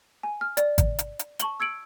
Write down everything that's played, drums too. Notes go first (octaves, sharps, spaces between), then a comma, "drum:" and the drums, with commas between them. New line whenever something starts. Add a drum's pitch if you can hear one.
G#5
F6
D5, drum: hi-hat
drum: kick G#1, hi-hat
drum: hi-hat
drum: hi-hat
A5 C#6 F#7 G7, drum: hi-hat
E6 G#6 C#7 D7 F#7